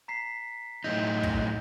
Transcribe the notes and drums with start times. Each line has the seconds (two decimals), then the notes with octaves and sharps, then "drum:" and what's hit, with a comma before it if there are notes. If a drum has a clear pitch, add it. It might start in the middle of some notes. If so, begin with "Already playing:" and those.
0.08 A#5 B6 C7
0.84 A2 F#3 D#4 G6
1.23 drum: kick